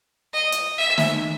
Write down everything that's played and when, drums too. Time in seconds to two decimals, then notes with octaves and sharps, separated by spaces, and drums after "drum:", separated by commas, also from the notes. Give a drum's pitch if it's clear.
0.33 D#5
0.52 drum: hi-hat
0.78 E5
0.98 drum: snare